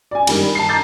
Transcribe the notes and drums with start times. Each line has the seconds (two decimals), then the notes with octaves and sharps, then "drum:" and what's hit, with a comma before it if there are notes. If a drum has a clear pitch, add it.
0.11 D5 G#5
0.27 G2 D#3 G3, drum: cymbal
0.55 A5 C7
0.69 A#5 D6 G6 A6